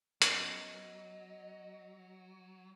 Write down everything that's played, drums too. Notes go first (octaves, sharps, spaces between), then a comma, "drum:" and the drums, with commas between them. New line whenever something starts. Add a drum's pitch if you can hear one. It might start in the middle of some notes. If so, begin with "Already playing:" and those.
F#3 B3 C#4 D#5, drum: hi-hat